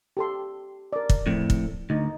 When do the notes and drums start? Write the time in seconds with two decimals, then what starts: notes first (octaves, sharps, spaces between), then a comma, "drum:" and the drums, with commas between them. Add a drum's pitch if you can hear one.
0.17 G4 A4 C6
0.93 A#4 D5
1.09 drum: kick
1.26 F2 A2
1.50 drum: kick
1.90 D2 D#4